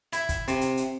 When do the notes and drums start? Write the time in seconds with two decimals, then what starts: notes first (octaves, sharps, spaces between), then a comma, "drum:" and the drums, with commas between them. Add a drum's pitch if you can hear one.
0.13 E4, drum: hi-hat
0.29 drum: kick, hi-hat
0.48 C3, drum: hi-hat
0.61 drum: hi-hat
0.77 drum: hi-hat